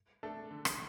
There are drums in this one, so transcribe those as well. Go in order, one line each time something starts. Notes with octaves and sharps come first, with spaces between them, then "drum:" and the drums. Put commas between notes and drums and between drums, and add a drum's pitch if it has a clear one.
A3 D4 A4
D3
drum: rim click